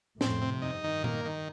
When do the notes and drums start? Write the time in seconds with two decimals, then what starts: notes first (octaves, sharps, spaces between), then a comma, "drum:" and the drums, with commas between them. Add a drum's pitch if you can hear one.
0.21 F2 A2 C4, drum: snare
0.42 C3
0.62 G2 D#4
0.84 D#3
1.04 A#3, drum: tom A#2
1.25 D#3